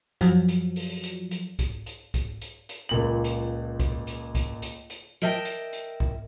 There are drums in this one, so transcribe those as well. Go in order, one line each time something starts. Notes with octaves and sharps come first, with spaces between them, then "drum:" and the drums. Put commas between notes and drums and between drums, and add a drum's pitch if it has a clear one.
F#2 F3 F#3, drum: hi-hat
drum: hi-hat
drum: open hi-hat
drum: hi-hat
drum: hi-hat
drum: kick, hi-hat
drum: hi-hat
drum: kick, hi-hat
drum: hi-hat
drum: hi-hat
C#2 A#2 F#7
drum: hi-hat
drum: kick, hi-hat
drum: hi-hat
drum: kick, hi-hat
drum: hi-hat
drum: hi-hat
A#4 D#5 E5 G5 A5
drum: hi-hat
drum: hi-hat
drum: kick